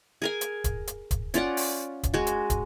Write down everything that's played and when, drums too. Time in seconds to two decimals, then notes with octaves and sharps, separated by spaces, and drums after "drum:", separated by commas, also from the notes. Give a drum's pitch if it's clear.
0.22 G#4 A#4 G#5
0.41 drum: hi-hat
0.64 drum: kick, hi-hat
0.87 drum: hi-hat
1.11 drum: kick, hi-hat
1.34 C#4 F4 D5 F#5, drum: hi-hat
1.57 drum: open hi-hat
2.03 drum: kick, hi-hat
2.14 G#3 F#4
2.27 drum: hi-hat
2.50 drum: kick, hi-hat